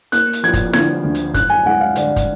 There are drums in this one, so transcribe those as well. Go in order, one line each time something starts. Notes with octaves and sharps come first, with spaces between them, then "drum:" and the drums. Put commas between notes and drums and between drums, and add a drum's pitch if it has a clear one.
A#3 F#6, drum: hi-hat
drum: hi-hat
F3 G#6
drum: kick, hi-hat
D3 G#6, drum: snare E4
D2
drum: hi-hat
F#2 F#6, drum: kick, hi-hat
G#5
G#3 F#5
F5
D3 D5, drum: hi-hat
drum: kick, hi-hat